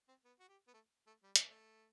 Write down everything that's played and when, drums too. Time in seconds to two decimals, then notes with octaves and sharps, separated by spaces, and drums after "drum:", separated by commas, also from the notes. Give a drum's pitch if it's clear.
0.08 C4
0.25 B3
0.40 F#4
0.49 G4
0.67 B3
0.74 A3
1.07 A3
1.23 G3
1.36 drum: hi-hat
1.48 A3